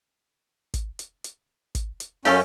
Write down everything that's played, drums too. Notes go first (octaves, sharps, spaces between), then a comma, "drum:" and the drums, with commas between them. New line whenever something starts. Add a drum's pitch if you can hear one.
drum: kick, hi-hat
drum: hi-hat
drum: hi-hat
drum: kick, hi-hat
drum: hi-hat
F#2 C#4 G4 A4 F5, drum: open hi-hat